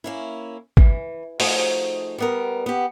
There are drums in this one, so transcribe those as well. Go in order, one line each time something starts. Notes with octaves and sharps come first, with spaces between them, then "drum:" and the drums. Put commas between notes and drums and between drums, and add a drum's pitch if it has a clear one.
A#3 C#4 E4
E3, drum: kick
F3 A3 D#4 F#4 G#4 C5, drum: open hi-hat
G3 B3 A#4
B3 G4